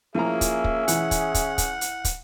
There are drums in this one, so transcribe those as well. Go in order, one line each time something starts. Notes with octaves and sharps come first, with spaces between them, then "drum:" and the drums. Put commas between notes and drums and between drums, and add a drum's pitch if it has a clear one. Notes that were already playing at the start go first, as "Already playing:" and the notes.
F3 A#3 C#4 E4 G#4 E5 A#5
drum: kick, hi-hat
drum: kick
E3 F#5, drum: hi-hat
drum: kick, hi-hat
drum: kick, hi-hat
drum: kick, hi-hat
drum: hi-hat
drum: kick, hi-hat